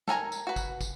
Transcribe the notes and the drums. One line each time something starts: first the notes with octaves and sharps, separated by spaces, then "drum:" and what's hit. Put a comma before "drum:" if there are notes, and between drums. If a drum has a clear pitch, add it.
A4 A#4 G#5 A#5, drum: snare
drum: tambourine
F#4 B4
drum: kick, tambourine
drum: kick, tambourine